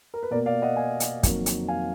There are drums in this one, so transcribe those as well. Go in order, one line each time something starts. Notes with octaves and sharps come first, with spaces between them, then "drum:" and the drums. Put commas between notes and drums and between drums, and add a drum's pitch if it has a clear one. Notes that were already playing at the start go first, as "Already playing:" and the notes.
A#4
B4
B2 A#3 A#4 D5
D5 F5
D#5 F#5
F5 G#5
drum: hi-hat
F2 D#3 F#3 A#3, drum: kick, hi-hat
drum: hi-hat
F5 G#5